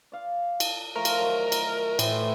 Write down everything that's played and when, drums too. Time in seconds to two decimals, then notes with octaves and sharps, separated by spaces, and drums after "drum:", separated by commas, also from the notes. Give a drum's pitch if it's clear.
0.12 D5 F5
0.60 A5, drum: cymbal
0.96 F3 A3 A#4
1.05 drum: cymbal
1.20 D#3 F#3
1.52 drum: cymbal
1.99 A2 E3 C5, drum: cymbal